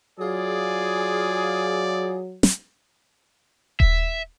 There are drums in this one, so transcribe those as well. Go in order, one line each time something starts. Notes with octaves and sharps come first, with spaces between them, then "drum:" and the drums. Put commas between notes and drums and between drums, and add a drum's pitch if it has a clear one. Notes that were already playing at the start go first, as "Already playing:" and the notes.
F#3 F4 G#4 D5
drum: snare
E5, drum: kick D#1